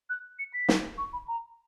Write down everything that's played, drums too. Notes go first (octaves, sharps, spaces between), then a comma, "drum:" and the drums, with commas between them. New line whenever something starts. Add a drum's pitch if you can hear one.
F#6
C#7
B6
drum: snare
C#6
B5
A#5